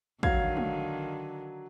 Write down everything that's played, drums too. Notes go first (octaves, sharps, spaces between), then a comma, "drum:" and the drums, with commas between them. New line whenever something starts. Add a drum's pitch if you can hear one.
D3 D#3 F#3 F5 G#6, drum: kick
drum: tom G#3